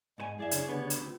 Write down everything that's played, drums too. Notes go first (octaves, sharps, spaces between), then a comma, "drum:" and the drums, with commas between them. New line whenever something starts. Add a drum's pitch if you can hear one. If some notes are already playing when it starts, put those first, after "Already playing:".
G#2 C5 D#5 G#5
F#2 E4 G#4 D5 E5
C#3 D4 C#5, drum: hi-hat
D2 B3 G4
drum: hi-hat
C4 F4